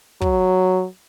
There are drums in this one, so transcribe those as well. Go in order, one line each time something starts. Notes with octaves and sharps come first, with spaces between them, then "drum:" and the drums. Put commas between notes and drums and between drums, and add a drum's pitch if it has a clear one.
F#3, drum: kick